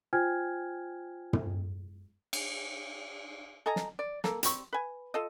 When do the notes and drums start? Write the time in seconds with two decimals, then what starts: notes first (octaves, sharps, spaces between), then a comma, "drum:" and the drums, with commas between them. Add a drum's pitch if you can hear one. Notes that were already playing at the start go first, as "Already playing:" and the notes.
0.13 F4 C5 G5 G#5 F6 G#6
1.33 drum: tom
2.33 drum: cymbal
3.66 A4 D#5 G#5 A#5
3.76 drum: snare
3.99 D5
4.24 A#3 A4, drum: snare
4.43 G3 C4 C#6, drum: hi-hat
4.73 B4 G#5
5.14 F4 A4 D#5